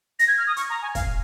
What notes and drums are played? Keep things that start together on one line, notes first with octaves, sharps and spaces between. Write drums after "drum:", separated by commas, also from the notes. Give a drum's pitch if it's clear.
A#6, drum: hi-hat
G#6
F6
D#6
C#6, drum: hi-hat
A#5
G#5
F5, drum: kick, hi-hat